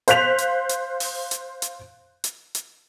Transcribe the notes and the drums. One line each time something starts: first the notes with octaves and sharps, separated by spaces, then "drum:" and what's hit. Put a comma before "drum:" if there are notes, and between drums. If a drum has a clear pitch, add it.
C5 F5 F#6 B6 F7, drum: hi-hat
drum: hi-hat
drum: hi-hat
drum: open hi-hat
drum: hi-hat
drum: hi-hat
drum: hi-hat
drum: hi-hat